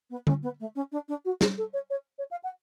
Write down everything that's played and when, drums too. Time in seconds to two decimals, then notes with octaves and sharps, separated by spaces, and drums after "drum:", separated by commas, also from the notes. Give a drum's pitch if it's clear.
0.10 B3
0.27 C#4, drum: tom
0.43 B3
0.60 A3
0.75 C#4
0.92 D4
1.08 D4
1.25 F#4
1.41 G#4, drum: snare
1.58 A4
1.73 C#5
1.90 C#5
2.19 C#5
2.31 F5
2.44 F#5